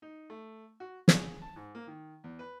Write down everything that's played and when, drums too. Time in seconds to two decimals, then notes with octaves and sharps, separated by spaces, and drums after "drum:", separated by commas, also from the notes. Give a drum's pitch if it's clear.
0.02 D#4
0.30 A3
0.80 F#4
1.08 G#4, drum: snare
1.42 A5
1.56 G#2
1.75 A#3
1.87 D#3
2.24 E2
2.39 B4